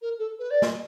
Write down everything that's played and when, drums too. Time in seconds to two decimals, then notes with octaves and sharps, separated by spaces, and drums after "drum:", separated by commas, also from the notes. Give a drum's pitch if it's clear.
0.02 A#4
0.18 A4
0.39 B4
0.50 D5
0.62 D#5, drum: snare